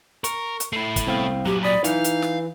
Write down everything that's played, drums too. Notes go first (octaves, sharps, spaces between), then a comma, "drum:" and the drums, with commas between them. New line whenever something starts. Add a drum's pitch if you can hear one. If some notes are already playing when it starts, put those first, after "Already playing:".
A#4 C#6, drum: hi-hat
drum: hi-hat
A3 E4 C7
drum: kick, hi-hat
C2 B3 C4 F5
A#2 F#3 G4
D5 B5 D#6 B6
E3 D#4 F5, drum: hi-hat
drum: hi-hat
drum: snare